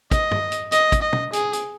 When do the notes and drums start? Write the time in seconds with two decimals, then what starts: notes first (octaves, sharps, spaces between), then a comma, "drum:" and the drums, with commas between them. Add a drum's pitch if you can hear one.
0.11 D#5, drum: kick, hi-hat
0.31 drum: tom G2
0.52 drum: hi-hat
0.72 D#5, drum: hi-hat
0.92 drum: kick, hi-hat
1.02 D#5
1.13 drum: tom
1.33 G#4, drum: hi-hat
1.53 drum: hi-hat